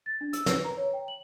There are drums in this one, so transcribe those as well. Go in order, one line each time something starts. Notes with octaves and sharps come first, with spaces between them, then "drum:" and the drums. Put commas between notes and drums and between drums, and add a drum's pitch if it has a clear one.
A6
D4
E6, drum: hi-hat
B4, drum: snare
A#5
C#5
G5
F#7